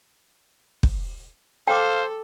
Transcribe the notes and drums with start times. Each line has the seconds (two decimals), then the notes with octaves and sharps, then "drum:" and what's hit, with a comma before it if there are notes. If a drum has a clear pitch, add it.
0.83 drum: kick
1.67 A4 C5 F5 G5 D6